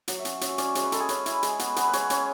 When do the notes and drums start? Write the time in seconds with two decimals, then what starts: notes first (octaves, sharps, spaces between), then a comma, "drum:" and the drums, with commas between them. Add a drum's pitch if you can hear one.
0.08 F#3 F#5, drum: hi-hat
0.19 E5
0.25 C#4, drum: hi-hat
0.41 C#4 E5, drum: hi-hat
0.58 C#4 D5, drum: hi-hat
0.75 G#3 C#5, drum: hi-hat
0.83 B4
0.92 G#3 A4, drum: hi-hat
1.00 G#4
1.09 C#4 B4, drum: hi-hat
1.26 E4, drum: hi-hat
1.43 G#3, drum: hi-hat
1.59 B3, drum: hi-hat
1.76 B3 B4, drum: hi-hat
1.87 B4
1.93 G#3 C#5, drum: hi-hat
2.10 C#4 C#5, drum: hi-hat